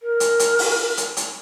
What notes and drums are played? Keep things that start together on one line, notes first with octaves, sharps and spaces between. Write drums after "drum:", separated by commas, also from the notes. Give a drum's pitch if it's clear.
A#4
drum: hi-hat
drum: hi-hat
drum: open hi-hat
drum: hi-hat
drum: hi-hat